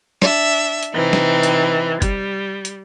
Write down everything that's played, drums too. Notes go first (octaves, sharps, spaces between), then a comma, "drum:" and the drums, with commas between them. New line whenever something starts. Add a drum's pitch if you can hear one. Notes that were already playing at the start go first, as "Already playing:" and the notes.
D4 E5, drum: snare
drum: hi-hat
C3 E3 C4 D#4
drum: snare
drum: hi-hat
G3, drum: kick, hi-hat
drum: hi-hat